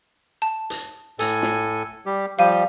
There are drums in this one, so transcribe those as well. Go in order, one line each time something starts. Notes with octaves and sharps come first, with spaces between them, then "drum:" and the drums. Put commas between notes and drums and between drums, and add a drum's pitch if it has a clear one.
A5
drum: hi-hat
A2 A4 G#5, drum: hi-hat
drum: snare
G3 G4
F3 G3 G4 F5 D#7